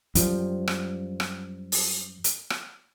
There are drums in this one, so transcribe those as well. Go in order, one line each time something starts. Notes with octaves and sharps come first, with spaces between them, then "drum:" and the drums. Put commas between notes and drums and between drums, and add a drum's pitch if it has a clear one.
F#2 F3 G3, drum: hi-hat
drum: rim click
drum: rim click
drum: open hi-hat
drum: hi-hat
drum: rim click